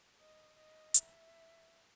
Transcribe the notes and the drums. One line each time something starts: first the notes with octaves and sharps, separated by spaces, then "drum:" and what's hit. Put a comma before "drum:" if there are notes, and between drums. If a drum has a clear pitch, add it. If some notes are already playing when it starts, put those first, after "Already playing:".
D#5
D#5
E5, drum: hi-hat